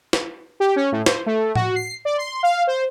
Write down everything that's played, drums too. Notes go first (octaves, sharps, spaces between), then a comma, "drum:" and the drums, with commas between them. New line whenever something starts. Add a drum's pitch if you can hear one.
drum: snare
G4
C#4
A2
C5, drum: snare
A3
F#4, drum: tom A2
C7
D5
C6
F5
C5